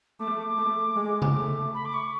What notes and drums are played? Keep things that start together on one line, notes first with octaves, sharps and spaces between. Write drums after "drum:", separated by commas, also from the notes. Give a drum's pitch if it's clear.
A3 D6
A3
G#3
drum: tom C#3
A3
B5
D6
C#6